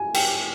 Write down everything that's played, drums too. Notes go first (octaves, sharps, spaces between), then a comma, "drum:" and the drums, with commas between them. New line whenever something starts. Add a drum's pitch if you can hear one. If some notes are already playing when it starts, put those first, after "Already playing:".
Already playing: G#5
G5, drum: cymbal